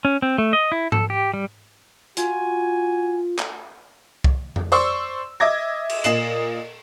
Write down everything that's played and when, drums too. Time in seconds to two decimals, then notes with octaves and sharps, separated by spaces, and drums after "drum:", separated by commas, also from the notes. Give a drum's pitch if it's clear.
0.05 C#4
0.22 C4
0.38 A3
0.53 D#5
0.72 E4
0.92 A4, drum: tom G#2
1.10 G4
1.34 G3
2.17 F4 F#4 G#5, drum: hi-hat
3.39 drum: clap
4.24 drum: kick C2
4.56 drum: tom F2
4.72 C5 D5 C6 C#6 E6, drum: tambourine
5.40 D#5 E5 D6 G#6 A#6
5.89 drum: cymbal
6.04 A#2 D#5 C7 E7 F#7, drum: hi-hat